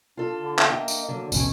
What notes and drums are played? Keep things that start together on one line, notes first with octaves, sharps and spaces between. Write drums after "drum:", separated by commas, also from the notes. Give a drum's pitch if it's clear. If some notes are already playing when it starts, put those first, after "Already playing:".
D4 F4 A4
D3
drum: clap
A#3 D#5 E5 G5
drum: tambourine
D3 F#3
A1 D2 B2 D3 C#4, drum: tambourine